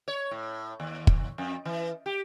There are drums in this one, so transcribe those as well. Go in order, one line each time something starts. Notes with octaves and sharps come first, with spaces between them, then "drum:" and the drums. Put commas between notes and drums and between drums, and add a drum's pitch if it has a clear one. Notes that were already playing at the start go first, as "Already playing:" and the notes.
C#5
A2
D#2
drum: kick
F2
E3
G4